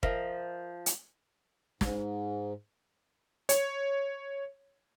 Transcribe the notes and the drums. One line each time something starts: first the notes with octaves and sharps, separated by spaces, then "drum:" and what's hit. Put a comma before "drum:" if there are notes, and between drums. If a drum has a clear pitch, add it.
F3 A#4 D#5 E5, drum: kick
drum: hi-hat
G#2, drum: snare
C#5, drum: hi-hat